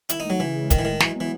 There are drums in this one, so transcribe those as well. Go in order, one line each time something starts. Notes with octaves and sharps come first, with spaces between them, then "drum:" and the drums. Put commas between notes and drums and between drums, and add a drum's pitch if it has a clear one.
D#3 E4, drum: hi-hat
D#4
F#3 A3
C#3 E3
G#3
A2 D#3, drum: kick, hi-hat
E3
D#3 G#3
E3 F#3, drum: snare
B3
E3